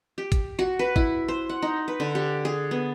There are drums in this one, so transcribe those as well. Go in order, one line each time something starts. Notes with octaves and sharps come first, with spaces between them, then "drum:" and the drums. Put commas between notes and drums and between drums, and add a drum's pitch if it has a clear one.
G4
drum: kick G#1, hi-hat
F#4
B4
E4, drum: kick G#1
C5
F#5
D#4
B4
D3
G4
G#4
B3